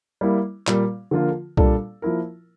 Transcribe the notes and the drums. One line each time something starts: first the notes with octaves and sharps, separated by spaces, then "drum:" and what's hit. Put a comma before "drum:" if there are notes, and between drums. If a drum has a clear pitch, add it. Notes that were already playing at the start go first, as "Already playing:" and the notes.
G3 A#3 E4
A#2 G3 A#3, drum: clap
D3 F3 A#3 F4 A#4
A#2 G3 D4 A4, drum: kick B1
F3 A#3 E4 A#4